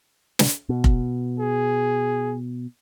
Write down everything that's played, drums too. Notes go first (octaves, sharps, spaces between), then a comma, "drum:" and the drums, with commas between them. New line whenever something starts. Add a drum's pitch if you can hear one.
drum: snare
B2
drum: kick F1
G#4